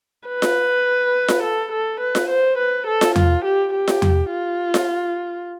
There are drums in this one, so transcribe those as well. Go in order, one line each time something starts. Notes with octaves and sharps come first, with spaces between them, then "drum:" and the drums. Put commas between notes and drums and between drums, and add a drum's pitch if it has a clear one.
B4
drum: snare F4
drum: snare F4
A4
A4
B4
drum: snare F4
C5
B4
A4
drum: snare F4
F4, drum: tom E2
G4
G4
drum: snare F4
drum: tom E2
F4
drum: snare F4